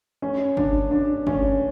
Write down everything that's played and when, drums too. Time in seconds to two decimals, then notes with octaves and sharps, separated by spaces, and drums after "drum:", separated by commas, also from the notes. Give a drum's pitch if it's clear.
0.22 C#4
0.57 D4, drum: kick G1
0.91 D4
1.27 C#4, drum: kick G1